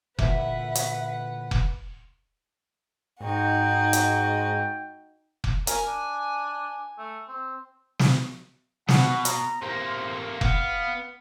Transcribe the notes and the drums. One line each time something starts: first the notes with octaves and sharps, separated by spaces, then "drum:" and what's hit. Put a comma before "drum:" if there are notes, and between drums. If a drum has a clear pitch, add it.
A#2 D3 E3 B4 E5 F#5, drum: kick F1
drum: hi-hat
drum: kick F1
G#2 D#4 F#4 G5
drum: hi-hat
drum: kick F1
A#4 G#5, drum: hi-hat
D4
A3
C4
drum: snare
B2 F#5, drum: snare
A#5, drum: hi-hat
C3 A#3 C5
B3 F5, drum: kick F1